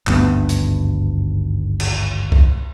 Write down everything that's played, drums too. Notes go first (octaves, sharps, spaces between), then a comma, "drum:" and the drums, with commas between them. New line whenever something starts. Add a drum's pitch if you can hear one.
G#1 D2 G2 B3, drum: clap
drum: hi-hat
drum: cymbal
drum: kick C2